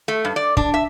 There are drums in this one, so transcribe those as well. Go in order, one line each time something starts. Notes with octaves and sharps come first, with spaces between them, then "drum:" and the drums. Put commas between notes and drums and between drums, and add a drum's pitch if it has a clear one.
A3
G2
D5
D4, drum: kick
E5